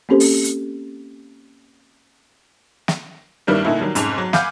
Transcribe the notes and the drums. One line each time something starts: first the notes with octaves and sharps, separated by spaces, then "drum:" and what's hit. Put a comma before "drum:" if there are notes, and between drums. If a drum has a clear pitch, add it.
A#3 C4 C#4 G4 A4 C5
drum: open hi-hat
drum: hi-hat
drum: snare
G2 D#3 G3 A#3 B3 E4
A#2 D3 A3 D#4 E4
D#3 F#3 G3
F1 G#2 C#4 A5 F7, drum: hi-hat
F#3
F5 F#5 G#5 B5 D6 G6, drum: snare